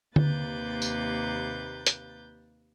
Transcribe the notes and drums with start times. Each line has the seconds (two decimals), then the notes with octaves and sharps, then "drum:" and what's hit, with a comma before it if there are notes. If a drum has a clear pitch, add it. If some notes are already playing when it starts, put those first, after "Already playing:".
0.16 D#2 C3 A#3 B4 G6 A6, drum: tom D3
0.82 drum: tambourine
1.86 drum: hi-hat